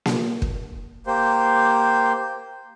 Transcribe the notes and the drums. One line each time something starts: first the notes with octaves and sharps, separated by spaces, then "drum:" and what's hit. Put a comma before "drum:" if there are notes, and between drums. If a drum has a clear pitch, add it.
drum: snare A#3
drum: kick
A#3 G4 C5